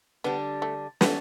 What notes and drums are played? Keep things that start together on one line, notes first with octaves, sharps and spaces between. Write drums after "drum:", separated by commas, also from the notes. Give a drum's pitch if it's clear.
D3 G3 B3 D4 G4
A3
E3 A3 B3 G4, drum: snare